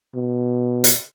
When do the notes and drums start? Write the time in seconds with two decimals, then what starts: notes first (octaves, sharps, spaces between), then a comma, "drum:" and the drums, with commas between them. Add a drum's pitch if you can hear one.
0.15 B2
0.84 drum: hi-hat